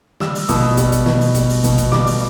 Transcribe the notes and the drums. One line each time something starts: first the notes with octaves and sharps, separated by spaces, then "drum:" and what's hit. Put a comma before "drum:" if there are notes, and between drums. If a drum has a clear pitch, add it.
G3 E6, drum: snare
drum: open hi-hat
B2 D#6, drum: kick, hi-hat
G3, drum: kick, hi-hat
drum: kick, hi-hat
B2, drum: snare
drum: open hi-hat
G3, drum: kick, hi-hat
drum: open hi-hat
B2, drum: kick, hi-hat
drum: kick, hi-hat
G3 D6, drum: snare
drum: open hi-hat